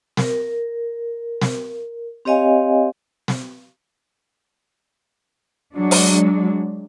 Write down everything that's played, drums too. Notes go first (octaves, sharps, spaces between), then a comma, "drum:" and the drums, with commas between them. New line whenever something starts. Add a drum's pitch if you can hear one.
A#4, drum: snare
drum: snare
C4 G4 C#5 D#5 F5 G#5
drum: snare
F#3 G#3 D4
drum: open hi-hat